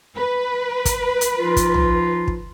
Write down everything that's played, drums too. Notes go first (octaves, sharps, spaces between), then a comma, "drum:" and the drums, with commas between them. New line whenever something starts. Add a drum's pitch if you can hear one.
B4
drum: kick, hi-hat
drum: hi-hat
F3 D#4 F4
drum: kick, hi-hat
drum: tom
drum: kick